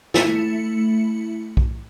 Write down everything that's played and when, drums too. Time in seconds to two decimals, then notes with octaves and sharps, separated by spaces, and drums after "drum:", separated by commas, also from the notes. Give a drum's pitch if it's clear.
0.14 A3 E4 C#7, drum: snare
1.57 drum: kick B1